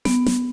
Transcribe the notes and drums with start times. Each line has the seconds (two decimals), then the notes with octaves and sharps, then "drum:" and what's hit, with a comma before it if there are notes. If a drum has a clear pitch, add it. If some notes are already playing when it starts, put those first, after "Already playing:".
0.05 B3, drum: snare
0.26 drum: snare